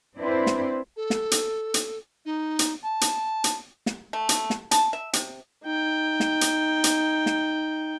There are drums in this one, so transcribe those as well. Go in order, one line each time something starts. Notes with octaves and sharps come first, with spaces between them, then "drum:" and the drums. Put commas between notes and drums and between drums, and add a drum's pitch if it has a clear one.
C4 D4 E4 B4 C5
drum: snare
A4
drum: snare
drum: hi-hat
drum: hi-hat
D#4
drum: hi-hat
A5
drum: hi-hat
drum: hi-hat
drum: snare
A3
drum: hi-hat
drum: snare
A5, drum: hi-hat
E5
C3, drum: hi-hat
D#4 G5
drum: snare
drum: hi-hat
drum: hi-hat
drum: snare